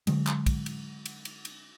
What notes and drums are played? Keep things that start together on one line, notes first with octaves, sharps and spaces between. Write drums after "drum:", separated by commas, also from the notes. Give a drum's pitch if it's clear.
D3 F#3 G#3, drum: cymbal
drum: clap
drum: kick, cymbal
drum: cymbal
drum: cymbal
drum: cymbal
drum: cymbal